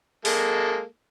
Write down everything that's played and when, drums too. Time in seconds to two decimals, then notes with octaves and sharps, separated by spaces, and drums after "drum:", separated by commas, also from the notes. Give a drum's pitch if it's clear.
0.25 G#3 A#3 A4, drum: open hi-hat